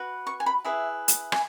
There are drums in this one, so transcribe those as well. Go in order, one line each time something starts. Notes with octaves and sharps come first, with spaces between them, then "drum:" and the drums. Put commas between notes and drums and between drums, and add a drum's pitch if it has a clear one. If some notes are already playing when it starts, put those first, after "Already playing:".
Already playing: F#4 B4
C#6
G#5
B5
E4 G#4 B4 E5
drum: hi-hat
G#5, drum: rim click